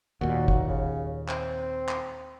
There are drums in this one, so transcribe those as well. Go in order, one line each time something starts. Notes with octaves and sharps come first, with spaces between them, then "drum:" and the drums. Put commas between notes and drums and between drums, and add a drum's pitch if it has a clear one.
D#2 A#2 F#4
drum: kick
C#3
C4, drum: clap
drum: clap